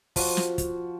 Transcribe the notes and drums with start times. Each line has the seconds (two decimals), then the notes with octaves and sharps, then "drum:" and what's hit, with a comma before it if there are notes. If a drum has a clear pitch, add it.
0.16 F3 F#4, drum: kick, open hi-hat
0.37 drum: snare
0.58 drum: kick, hi-hat